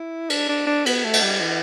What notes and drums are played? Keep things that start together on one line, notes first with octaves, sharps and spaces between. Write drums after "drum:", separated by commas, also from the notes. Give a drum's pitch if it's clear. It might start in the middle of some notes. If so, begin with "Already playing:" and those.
Already playing: E4
D4, drum: cymbal
D4
D4
B3, drum: cymbal
A3
drum: cymbal
G3
E3